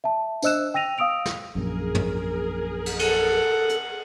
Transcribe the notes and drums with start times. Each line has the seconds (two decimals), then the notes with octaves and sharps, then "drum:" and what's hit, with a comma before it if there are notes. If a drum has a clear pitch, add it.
0.04 E5 A5
0.42 D4 C5 D#5 E6 F#6 E7, drum: tambourine
0.74 G5 E6 A#6 D#7 F7
0.98 F5 D#6 E6 D7 F7
1.26 drum: snare
1.55 A#1 F#2 G#4 A#4
1.95 drum: tom
2.86 drum: cymbal
2.99 A4 F#5, drum: cymbal
3.69 drum: hi-hat